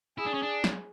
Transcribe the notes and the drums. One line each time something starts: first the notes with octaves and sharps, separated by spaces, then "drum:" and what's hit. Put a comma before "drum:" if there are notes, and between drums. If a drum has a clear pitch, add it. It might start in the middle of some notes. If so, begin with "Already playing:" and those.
E4 G#4
D4
C#4
D4
drum: snare